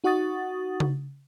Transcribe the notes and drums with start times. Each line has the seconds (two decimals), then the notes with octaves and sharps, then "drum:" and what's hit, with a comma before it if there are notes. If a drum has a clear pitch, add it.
0.04 D#4 F#4 F#5 C#6 D#6 A6
0.80 drum: tom C#3